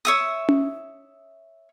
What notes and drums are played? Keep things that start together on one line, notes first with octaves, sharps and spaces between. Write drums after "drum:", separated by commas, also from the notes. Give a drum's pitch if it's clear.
C#5 E5 D#6
drum: tom C#4